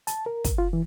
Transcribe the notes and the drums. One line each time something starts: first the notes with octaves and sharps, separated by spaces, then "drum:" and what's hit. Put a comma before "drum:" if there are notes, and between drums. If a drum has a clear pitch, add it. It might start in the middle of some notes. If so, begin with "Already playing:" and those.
A5, drum: hi-hat
A#4
drum: kick, hi-hat
F4
E3